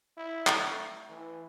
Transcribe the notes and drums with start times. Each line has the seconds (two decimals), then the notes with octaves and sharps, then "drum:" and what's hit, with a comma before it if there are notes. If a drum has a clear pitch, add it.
0.17 E4
0.47 drum: clap
0.58 A3
1.10 E3